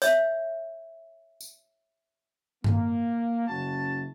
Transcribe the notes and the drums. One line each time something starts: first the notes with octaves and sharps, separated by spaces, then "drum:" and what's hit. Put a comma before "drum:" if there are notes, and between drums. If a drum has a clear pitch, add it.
C#5 E5, drum: hi-hat
drum: tambourine
A#3, drum: tom G2
F#1 C#4 F#4 A5